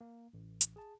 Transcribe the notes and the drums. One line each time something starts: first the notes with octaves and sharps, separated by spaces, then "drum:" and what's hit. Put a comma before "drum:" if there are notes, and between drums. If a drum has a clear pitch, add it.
A#3
A1
drum: hi-hat
G#4 A5